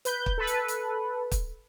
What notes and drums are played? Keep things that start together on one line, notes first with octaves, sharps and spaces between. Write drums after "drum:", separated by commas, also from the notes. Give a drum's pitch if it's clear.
B4 G6, drum: hi-hat
drum: kick
A4 B4
drum: hi-hat
drum: hi-hat
drum: kick, hi-hat